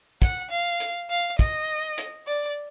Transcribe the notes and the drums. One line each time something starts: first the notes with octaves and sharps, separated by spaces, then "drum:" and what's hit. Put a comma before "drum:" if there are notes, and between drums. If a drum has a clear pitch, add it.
F#5, drum: kick, hi-hat
F5
drum: hi-hat
F5
D#5, drum: kick, hi-hat
drum: hi-hat
D5